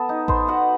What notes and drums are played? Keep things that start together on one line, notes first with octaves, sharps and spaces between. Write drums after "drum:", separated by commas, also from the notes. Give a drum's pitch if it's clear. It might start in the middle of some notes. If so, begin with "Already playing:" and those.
Already playing: B3 A4 A5
D#4
B3 C5 C6, drum: kick A1
B2 F#4 F#5